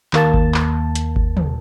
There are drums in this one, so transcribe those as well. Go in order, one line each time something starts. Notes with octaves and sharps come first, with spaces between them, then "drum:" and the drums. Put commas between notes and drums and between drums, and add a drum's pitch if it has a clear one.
D#2 A#3 A5, drum: clap
drum: kick G1
drum: clap
drum: hi-hat
drum: kick G1
drum: tom